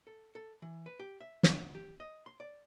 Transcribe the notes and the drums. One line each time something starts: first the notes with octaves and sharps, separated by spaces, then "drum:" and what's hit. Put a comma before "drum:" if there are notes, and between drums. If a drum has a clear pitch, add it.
A4
A4
E3
B4
G4
E5
D2, drum: snare
G4
D#5
C6
D5